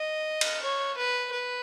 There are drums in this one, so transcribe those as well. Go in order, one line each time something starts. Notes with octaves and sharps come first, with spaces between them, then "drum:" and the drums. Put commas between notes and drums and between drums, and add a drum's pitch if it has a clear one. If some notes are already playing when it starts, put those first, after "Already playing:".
Already playing: D#5
drum: cymbal
C#5
B4
B4